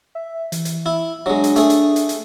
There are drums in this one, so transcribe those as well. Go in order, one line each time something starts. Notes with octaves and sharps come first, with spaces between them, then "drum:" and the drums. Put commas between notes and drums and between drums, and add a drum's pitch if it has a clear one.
E5
E3, drum: hi-hat
drum: hi-hat
E4
F#3 G#3 D4
drum: hi-hat
A3 D4 G#4, drum: hi-hat
drum: hi-hat
drum: hi-hat
drum: hi-hat